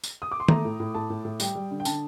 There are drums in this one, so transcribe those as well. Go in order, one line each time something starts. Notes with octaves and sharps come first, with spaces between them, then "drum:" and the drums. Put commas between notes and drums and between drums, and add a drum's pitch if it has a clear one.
drum: tambourine
D#6
D6
C6
A3 A#5, drum: tom D#3
A2
A2
A2 A5
A2
A2
G3 G5, drum: tambourine
G3
D3
G5
D3 A5, drum: tambourine